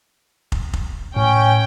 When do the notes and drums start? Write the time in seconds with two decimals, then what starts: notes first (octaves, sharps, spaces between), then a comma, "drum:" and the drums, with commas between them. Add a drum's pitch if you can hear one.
0.52 drum: kick
0.73 drum: kick
1.16 A2 C#4 G5